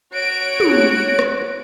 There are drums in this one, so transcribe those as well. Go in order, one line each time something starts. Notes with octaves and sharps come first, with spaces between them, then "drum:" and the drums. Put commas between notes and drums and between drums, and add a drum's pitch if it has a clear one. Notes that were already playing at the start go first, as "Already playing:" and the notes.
F#4 C#5 D7
drum: tom
drum: rim click